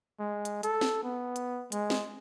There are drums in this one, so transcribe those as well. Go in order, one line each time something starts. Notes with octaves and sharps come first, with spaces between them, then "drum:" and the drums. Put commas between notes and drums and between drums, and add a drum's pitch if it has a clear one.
G#3
drum: hi-hat
A4, drum: hi-hat
drum: snare
B3
drum: hi-hat
G#3, drum: hi-hat
drum: snare